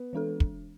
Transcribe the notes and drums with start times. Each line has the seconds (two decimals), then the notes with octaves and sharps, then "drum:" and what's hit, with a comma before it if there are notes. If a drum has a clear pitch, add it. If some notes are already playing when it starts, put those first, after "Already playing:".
Already playing: B3
0.13 E3 G#3 D4 A4
0.40 drum: kick